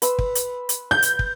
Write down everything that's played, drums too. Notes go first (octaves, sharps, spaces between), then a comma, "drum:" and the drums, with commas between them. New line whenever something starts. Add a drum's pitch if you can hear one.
B4 C6 E6, drum: hi-hat
drum: kick
drum: hi-hat
drum: hi-hat
G6
drum: hi-hat
drum: kick